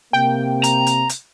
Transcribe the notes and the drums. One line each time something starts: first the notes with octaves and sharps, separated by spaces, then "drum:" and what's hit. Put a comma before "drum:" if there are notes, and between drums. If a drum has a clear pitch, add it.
C3 A#3 G5
A#5, drum: hi-hat
drum: hi-hat
drum: hi-hat